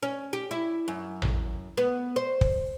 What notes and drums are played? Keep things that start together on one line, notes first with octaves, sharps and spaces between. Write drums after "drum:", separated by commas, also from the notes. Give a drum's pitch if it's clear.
C#4
G4
E4
F#2
drum: tom A1
B3
C5
drum: kick